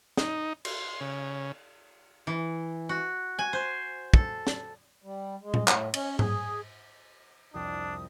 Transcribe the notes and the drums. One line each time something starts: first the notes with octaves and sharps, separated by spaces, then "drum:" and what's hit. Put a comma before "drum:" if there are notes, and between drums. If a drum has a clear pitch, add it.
D#4, drum: snare
C6, drum: cymbal
C#3
E3
F#4
G#5
C5
A4, drum: kick
drum: snare
G3
G#3
drum: tom A#2
A2, drum: clap
C#4, drum: cymbal
G#4, drum: tom G#2
C2 F2 D4 G5 D#6